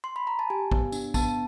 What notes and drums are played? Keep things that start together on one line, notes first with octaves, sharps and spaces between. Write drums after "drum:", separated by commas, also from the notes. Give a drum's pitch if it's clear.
C6
B5
A#5
A5
G4 G#5
B3, drum: kick
D4, drum: tambourine
B3 A5, drum: kick, tambourine